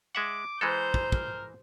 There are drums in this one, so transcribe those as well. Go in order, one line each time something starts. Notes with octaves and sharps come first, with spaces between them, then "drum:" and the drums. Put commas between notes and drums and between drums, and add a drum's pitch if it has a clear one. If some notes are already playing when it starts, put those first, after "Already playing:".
G#3 E5 F#5 D6
E3 G#3 A4 C5 A#5 G6
drum: kick
A#4, drum: kick